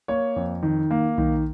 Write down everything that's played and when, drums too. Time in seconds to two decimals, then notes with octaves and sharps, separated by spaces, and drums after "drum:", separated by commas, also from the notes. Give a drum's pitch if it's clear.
0.08 A#3 C#5
0.36 F2
0.63 D#3
0.91 A#3
1.18 D#3, drum: kick B1